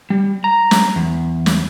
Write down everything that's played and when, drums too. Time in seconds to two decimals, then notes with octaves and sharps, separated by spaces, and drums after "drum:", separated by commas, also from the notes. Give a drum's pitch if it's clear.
0.10 G3
0.44 A#5
0.71 drum: snare
0.96 E2
1.46 drum: snare